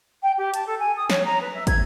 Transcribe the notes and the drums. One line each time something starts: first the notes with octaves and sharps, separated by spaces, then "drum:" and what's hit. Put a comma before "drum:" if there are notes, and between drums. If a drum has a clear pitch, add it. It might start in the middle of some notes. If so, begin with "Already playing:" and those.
G5
G4
A5, drum: hi-hat
A4
G#5
D#6
C#5, drum: snare
A#5
B4
E5
G#6, drum: kick, hi-hat